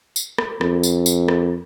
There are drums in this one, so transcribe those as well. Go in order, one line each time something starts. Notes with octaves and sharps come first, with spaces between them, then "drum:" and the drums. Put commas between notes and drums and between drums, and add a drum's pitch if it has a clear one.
drum: tambourine
drum: rim click
F2, drum: rim click
drum: tambourine
drum: tambourine
drum: rim click